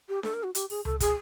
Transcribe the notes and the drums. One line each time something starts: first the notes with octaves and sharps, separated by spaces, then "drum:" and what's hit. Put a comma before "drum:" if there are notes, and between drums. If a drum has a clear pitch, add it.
G4
A4, drum: snare D4
A#4
F#4
G4, drum: hi-hat
G#4, drum: open hi-hat
A4, drum: tom C#2
G#4, drum: kick, hi-hat